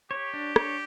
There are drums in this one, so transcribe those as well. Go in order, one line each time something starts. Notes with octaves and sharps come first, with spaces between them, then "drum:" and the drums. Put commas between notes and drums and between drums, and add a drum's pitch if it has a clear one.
G4 C#5
D4
C#5, drum: rim click